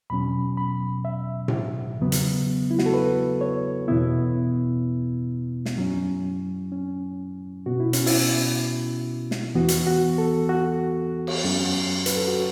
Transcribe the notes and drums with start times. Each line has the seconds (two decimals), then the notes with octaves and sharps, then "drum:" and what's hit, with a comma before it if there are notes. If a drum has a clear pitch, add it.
0.10 E2 B2 F#3 C#4 B5
0.57 B5
1.05 E5
1.48 drum: tom A2
1.99 E2 C#3 F#3 B3
2.12 drum: hi-hat
2.71 E4
2.79 F#4, drum: snare
2.86 A4
2.94 B4
3.41 C#5
3.88 E2 B2 B3 E4
5.66 drum: snare
5.77 F#2 F#3 C#4
6.72 C#4
7.66 B2 B3 F#4
7.80 E4
7.93 C#4, drum: hi-hat
8.07 E4, drum: open hi-hat
9.31 drum: snare
9.55 E2 E3 B3 F#4
9.68 drum: hi-hat
9.87 F#4
10.18 A4
10.49 F#4
11.27 drum: cymbal
11.44 F#2 F#3 C#4
12.06 B4, drum: hi-hat
12.17 A4
12.28 F#4